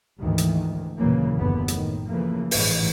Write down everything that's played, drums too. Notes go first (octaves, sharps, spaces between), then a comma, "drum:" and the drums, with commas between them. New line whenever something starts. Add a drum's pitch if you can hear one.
D2 G#2 D#3 E3
drum: hi-hat
D#2 A#2 C#3 E3 F#3 A#3
F#1 D#2 A#2 D3 B3
A2 D#3, drum: hi-hat
C#3 E3 F3 A3 A#3
A1 G#2 E3, drum: open hi-hat